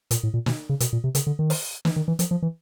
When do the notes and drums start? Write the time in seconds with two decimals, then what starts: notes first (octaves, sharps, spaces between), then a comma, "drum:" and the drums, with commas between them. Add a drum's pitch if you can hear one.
0.11 A#2, drum: hi-hat
0.23 A2
0.34 A#2
0.46 B2, drum: snare
0.69 C#3
0.80 B2, drum: hi-hat
0.93 A#2
1.04 C3
1.15 C#3, drum: hi-hat
1.27 D3
1.39 D#3
1.50 drum: open hi-hat
1.85 E3, drum: snare
1.96 D#3
2.08 E3
2.19 F3, drum: hi-hat
2.31 F3
2.42 E3